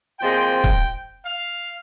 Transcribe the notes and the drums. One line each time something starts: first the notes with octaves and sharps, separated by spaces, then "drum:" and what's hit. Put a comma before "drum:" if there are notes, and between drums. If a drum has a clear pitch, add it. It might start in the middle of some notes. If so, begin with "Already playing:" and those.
A#2 F3 G#3 C4 G5
drum: kick C#1
F5